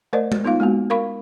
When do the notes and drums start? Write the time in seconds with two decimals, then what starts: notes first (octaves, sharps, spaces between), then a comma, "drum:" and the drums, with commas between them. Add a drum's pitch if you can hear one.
0.13 A3 A#4 C5 D5 D#5
0.32 drum: tom G#3
0.44 B3 D#4 F4 F5
0.60 G#3 A#3 B3 F#4
0.90 A#4 F5 B5 C#6